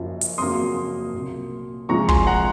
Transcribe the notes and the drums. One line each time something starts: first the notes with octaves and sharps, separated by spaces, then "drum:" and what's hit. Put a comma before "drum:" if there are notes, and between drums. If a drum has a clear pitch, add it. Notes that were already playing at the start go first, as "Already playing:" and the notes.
Already playing: F#1 F#2 F3 A#3
drum: hi-hat
F#1 F2 C#3 F#3 A#3 C6 D#6
C2 A#2 F#3 A#3
C2 A#2 F3 G#3 A#5 C#6
G#5 C6, drum: kick
F#5 A#5